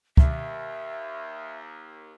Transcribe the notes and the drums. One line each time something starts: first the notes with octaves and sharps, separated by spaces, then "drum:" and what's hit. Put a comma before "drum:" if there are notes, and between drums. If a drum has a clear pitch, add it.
D#2 E5, drum: kick